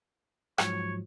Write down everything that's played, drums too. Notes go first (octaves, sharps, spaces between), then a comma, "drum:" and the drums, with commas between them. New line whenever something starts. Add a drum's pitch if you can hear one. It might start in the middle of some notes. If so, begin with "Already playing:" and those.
G#2 F3 F#3 C#5, drum: rim click